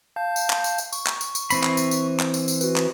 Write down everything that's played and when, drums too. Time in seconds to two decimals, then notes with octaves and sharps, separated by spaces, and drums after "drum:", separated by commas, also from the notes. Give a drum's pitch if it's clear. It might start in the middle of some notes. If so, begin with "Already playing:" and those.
0.16 F5 A5 G6
0.36 drum: tambourine
0.50 drum: clap
0.64 drum: tambourine
0.78 drum: tambourine
0.93 C#6, drum: tambourine
1.07 drum: clap
1.21 drum: tambourine
1.35 drum: tambourine
1.50 E3 C4 B5, drum: tambourine
1.63 drum: clap
1.77 drum: tambourine
1.91 drum: tambourine
2.20 drum: clap
2.34 drum: tambourine
2.48 drum: tambourine
2.61 F#4 B4, drum: tambourine
2.76 drum: clap